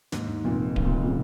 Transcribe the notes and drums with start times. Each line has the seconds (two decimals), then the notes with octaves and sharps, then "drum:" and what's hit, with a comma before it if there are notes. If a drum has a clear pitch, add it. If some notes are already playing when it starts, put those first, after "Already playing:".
0.12 D#2 G#2, drum: snare
0.44 F1 A#2
0.76 F1 C#3, drum: kick D1
0.85 A#2
0.94 G#2
1.03 A#2 C#3